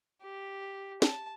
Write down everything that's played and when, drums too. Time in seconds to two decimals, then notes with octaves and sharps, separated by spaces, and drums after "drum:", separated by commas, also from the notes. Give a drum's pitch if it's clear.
0.22 G4
1.02 A5, drum: snare